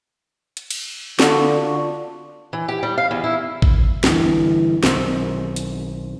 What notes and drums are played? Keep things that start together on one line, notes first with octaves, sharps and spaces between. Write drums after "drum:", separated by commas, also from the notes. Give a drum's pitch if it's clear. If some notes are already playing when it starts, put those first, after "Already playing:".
drum: hi-hat
drum: cymbal
D3 D4 F4 F#4, drum: snare
E3
G4
G3
F5
E2
E4
drum: kick A1
G2 D3 E3, drum: snare
B1 D#3 E3 C4, drum: snare
drum: hi-hat